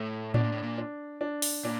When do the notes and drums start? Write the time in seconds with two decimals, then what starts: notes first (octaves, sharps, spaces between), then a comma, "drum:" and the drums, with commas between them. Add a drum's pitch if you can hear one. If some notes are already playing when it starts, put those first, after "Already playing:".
Already playing: A2 A3
0.34 B2 D4, drum: tom A2
0.43 A#2
0.52 A2
0.63 A#2
0.78 D4
1.21 D4
1.42 drum: open hi-hat
1.65 A#2 D4